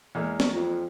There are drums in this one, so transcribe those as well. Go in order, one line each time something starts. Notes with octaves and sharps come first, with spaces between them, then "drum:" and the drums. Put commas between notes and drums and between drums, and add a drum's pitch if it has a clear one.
E2 G#3 A#3
drum: snare
F2 F4